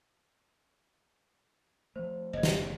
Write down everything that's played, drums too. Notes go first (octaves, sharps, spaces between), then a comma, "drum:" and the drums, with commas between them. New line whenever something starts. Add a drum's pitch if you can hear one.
F3 A3 C5
F#1 C#5 D#5
drum: snare